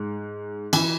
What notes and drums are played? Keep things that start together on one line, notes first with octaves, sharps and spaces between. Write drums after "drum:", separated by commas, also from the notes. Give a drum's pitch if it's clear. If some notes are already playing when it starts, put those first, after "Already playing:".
Already playing: G#2
E3, drum: cymbal